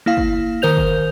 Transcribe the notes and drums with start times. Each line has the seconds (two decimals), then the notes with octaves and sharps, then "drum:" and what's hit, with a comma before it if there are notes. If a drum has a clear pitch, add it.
0.06 A#3 E4 F5
0.17 drum: kick
0.62 D#3 A#4 C5 G6 F7
0.77 drum: kick